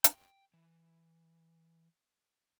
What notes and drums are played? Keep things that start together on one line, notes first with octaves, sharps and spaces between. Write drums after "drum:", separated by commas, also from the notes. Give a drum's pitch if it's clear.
G5, drum: hi-hat
E3